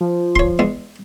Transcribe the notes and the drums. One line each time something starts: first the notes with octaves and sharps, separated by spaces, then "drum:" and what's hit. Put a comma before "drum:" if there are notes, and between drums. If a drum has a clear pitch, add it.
F3
C#5 C6, drum: kick
E2 G#3